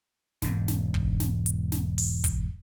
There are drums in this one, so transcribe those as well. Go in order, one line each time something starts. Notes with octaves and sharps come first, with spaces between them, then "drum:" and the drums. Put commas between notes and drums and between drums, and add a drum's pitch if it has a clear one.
E1 G#2, drum: snare
drum: snare
drum: kick
drum: snare
drum: hi-hat
drum: snare
drum: open hi-hat
drum: kick, hi-hat